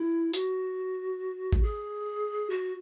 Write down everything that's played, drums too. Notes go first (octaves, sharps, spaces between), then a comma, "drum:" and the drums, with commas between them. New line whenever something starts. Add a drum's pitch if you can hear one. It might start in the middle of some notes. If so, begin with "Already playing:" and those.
Already playing: E4
F#4, drum: hi-hat
drum: kick
G#4
F#4